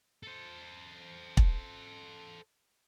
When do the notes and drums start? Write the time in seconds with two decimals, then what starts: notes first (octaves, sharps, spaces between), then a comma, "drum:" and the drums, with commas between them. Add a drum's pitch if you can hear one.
0.23 A4 C5
1.37 drum: kick